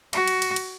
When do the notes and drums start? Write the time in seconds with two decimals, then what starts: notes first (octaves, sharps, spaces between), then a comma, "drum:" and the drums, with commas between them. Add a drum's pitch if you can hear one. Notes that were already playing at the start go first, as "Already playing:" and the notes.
0.13 F#4, drum: cymbal
0.27 drum: cymbal
0.42 drum: cymbal
0.56 drum: cymbal